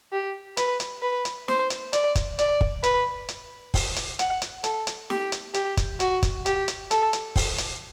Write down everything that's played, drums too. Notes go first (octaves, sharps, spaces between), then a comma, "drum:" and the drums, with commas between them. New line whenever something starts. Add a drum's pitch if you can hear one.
G4
B4, drum: hi-hat
drum: hi-hat
B4
drum: hi-hat
C5, drum: snare
drum: hi-hat
D5, drum: hi-hat
drum: kick, hi-hat
D5, drum: hi-hat
drum: kick
B4, drum: hi-hat
drum: hi-hat
drum: kick, open hi-hat
drum: hi-hat
F#5, drum: hi-hat
drum: hi-hat
A4, drum: hi-hat
drum: hi-hat
G4, drum: snare
drum: hi-hat
G4, drum: hi-hat
drum: kick, hi-hat
F#4, drum: hi-hat
drum: kick, hi-hat
G4, drum: hi-hat
drum: hi-hat
A4, drum: hi-hat
drum: hi-hat
drum: kick, open hi-hat
drum: hi-hat